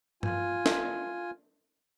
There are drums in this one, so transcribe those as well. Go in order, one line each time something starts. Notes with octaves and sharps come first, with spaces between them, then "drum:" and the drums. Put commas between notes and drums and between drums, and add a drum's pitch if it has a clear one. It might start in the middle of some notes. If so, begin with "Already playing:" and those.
F4 G#5, drum: tom G2
drum: snare